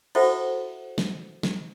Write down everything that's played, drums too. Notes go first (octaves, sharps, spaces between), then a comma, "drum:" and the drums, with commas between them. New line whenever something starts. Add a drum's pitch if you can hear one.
E4 F#4 A4 C5 E5 F#5, drum: cymbal
drum: snare
drum: snare